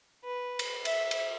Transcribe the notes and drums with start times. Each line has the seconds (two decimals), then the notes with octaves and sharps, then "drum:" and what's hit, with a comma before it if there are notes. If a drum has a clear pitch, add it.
0.24 B4
0.59 drum: cymbal
0.85 E5, drum: cymbal
1.11 drum: cymbal